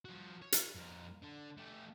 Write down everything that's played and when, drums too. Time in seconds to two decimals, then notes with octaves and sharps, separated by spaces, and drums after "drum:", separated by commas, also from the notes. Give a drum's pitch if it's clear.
0.05 F3 F#4
0.42 C#5
0.52 drum: hi-hat
0.76 F2 A#4
1.23 D3 D4
1.58 A3 G4